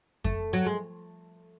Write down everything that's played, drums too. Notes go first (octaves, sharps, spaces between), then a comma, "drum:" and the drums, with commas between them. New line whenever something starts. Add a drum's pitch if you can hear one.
A3, drum: kick F2
F#3
G#3